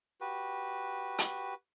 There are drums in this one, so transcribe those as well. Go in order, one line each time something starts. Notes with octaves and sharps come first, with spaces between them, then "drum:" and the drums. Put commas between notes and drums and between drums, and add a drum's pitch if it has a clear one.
F#4 G4 B4
drum: hi-hat